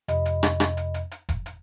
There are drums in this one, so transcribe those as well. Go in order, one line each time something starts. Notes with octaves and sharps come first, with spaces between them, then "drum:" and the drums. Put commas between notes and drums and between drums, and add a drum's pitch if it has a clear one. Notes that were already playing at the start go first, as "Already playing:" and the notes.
F2 C3 D#5 B5, drum: hi-hat
drum: hi-hat
drum: rim click
drum: rim click
drum: hi-hat
drum: hi-hat
drum: hi-hat
drum: kick F1, hi-hat
drum: hi-hat